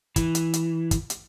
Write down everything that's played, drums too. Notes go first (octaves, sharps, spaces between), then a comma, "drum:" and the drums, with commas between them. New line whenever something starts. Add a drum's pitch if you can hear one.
E3, drum: kick, hi-hat
drum: hi-hat
drum: hi-hat
drum: kick, hi-hat
drum: hi-hat